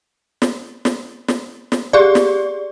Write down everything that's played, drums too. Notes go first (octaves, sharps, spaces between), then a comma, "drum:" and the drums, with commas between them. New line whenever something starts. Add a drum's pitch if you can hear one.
drum: snare
drum: snare
drum: snare
drum: snare
G4 G#4 D5
drum: snare